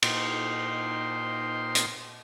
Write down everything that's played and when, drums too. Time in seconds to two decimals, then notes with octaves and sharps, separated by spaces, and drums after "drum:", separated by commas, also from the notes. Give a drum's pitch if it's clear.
0.03 A#2 D#4 C5 G5 C6, drum: cymbal
1.75 drum: hi-hat